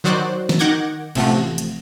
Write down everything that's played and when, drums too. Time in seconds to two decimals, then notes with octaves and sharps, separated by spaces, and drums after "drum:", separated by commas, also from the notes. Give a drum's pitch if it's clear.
0.04 D#3 F#3 F#4 C5 D5 F#6
0.49 drum: snare
0.59 D#3 F#5 D6 G6 G#6 A#6
1.15 A1 C3 F3 A3 F#5, drum: cymbal
1.58 drum: hi-hat